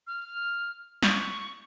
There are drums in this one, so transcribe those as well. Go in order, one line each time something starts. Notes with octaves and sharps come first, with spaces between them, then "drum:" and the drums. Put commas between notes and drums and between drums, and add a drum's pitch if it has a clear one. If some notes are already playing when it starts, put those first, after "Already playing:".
F6
C#6, drum: snare